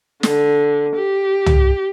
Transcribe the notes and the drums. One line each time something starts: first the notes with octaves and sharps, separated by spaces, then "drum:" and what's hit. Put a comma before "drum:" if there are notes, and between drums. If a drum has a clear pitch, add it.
D3, drum: snare
G4
drum: tom